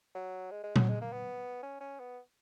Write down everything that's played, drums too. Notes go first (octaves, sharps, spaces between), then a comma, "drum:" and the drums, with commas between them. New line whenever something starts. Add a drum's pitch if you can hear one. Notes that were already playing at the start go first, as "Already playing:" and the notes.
F#3
G#3
G#3
F#3, drum: tom A#2
G#3
A#3
B3
C#4
C#4
B3